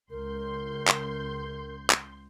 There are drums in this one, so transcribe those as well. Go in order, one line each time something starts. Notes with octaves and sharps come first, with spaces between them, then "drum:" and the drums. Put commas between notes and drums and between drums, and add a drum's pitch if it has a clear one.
C#2 A#4 C6 G6
drum: clap
drum: clap